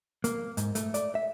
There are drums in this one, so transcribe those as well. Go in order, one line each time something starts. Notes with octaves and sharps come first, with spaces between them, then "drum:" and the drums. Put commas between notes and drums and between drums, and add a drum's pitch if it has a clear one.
A#3, drum: hi-hat
G#2, drum: hi-hat
A3, drum: hi-hat
D5, drum: hi-hat
E5